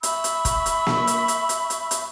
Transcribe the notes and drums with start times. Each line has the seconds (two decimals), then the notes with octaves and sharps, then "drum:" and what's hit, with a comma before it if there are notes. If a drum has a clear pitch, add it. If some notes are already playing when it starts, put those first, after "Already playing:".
0.03 E5 B5 C#6 E6, drum: hi-hat
0.24 drum: hi-hat
0.45 drum: kick, hi-hat
0.66 drum: hi-hat
0.87 drum: snare A#3
1.07 drum: hi-hat
1.28 drum: hi-hat
1.49 drum: hi-hat
1.70 drum: hi-hat
1.91 drum: hi-hat